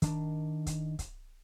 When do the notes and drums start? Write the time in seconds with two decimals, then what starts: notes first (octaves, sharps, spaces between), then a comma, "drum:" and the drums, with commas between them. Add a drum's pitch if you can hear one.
0.02 D#3 D4, drum: kick C#1, hi-hat
0.66 drum: kick C#1, hi-hat
0.99 drum: kick C#1, hi-hat